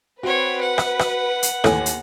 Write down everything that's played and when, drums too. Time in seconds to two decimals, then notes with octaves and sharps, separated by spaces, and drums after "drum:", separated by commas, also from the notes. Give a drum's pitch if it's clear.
0.23 C4 F#4 B4 C#5
0.61 F#5
0.78 drum: rim click
0.99 drum: rim click
1.43 drum: hi-hat
1.64 D#2 A2 G#5, drum: rim click
1.86 drum: hi-hat